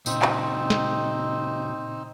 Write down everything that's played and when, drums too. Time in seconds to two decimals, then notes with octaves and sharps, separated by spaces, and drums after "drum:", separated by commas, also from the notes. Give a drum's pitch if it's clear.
0.06 A#2 C#3 C4 D#4, drum: tambourine
0.22 drum: clap
0.70 drum: snare